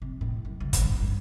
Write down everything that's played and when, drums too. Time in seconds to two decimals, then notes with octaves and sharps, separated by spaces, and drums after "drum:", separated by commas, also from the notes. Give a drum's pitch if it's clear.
0.02 C3
0.21 A2
0.45 F#2
0.60 C#2
0.73 A1, drum: kick, hi-hat
0.85 G2
1.02 G2